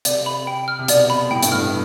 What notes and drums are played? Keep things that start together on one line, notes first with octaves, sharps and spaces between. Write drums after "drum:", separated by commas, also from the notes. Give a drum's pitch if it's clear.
C3 D5, drum: hi-hat
B5
G5
F6
C3
B2 D5, drum: hi-hat
B5
A2 G5
G2, drum: hi-hat
A2 F6